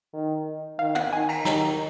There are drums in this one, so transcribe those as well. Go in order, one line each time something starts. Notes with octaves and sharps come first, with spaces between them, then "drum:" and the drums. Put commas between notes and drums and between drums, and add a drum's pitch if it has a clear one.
D#3
D#3 F5
F#5, drum: tom
D#3 G#5
A#5, drum: cymbal
D#3 A#5, drum: snare